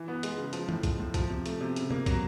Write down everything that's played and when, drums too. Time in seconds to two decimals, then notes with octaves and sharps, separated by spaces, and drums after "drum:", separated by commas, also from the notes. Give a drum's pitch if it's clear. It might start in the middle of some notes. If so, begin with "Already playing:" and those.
Already playing: E3
0.08 B3
0.23 G#3, drum: hi-hat
0.38 C#3
0.53 F3, drum: hi-hat
0.69 A2, drum: tom
0.83 G#3, drum: kick, hi-hat
1.00 A2
1.14 F3, drum: kick, hi-hat
1.30 C3
1.46 A3, drum: hi-hat
1.61 C3
1.76 C#3, drum: hi-hat
1.91 A#3, drum: tom
2.06 F#3, drum: kick, hi-hat